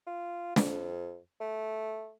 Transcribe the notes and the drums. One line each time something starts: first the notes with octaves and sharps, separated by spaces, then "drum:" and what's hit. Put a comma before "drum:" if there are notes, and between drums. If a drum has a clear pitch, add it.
F4
F2, drum: snare
A3